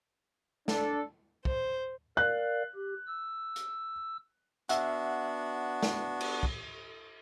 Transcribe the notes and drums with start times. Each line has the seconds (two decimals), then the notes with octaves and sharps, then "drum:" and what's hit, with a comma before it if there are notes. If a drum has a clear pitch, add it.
0.68 D4 A4, drum: snare
1.45 C5, drum: kick
2.17 A#4 D5 F5 F#6
2.75 G4
3.07 E6
3.56 drum: hi-hat
4.69 B3 D4 F#4 E5 F#5, drum: hi-hat
5.83 drum: snare
6.21 drum: cymbal
6.43 drum: kick